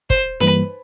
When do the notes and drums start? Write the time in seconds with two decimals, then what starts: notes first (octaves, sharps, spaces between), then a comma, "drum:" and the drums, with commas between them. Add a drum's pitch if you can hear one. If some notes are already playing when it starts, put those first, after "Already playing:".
0.10 C5, drum: kick
0.40 G2 E3 G3 A#3 B4, drum: snare D#4